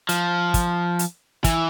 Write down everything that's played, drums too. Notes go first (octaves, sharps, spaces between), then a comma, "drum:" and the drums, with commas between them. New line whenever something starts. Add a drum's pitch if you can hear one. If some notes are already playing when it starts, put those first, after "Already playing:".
F3, drum: hi-hat
drum: kick, hi-hat
drum: hi-hat
E3, drum: kick, hi-hat